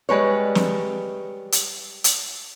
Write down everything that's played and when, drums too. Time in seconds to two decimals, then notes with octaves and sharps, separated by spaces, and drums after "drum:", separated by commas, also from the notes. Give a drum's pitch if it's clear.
0.09 G3 G#3 B4 C#5
0.55 drum: snare
1.52 drum: hi-hat
2.04 drum: hi-hat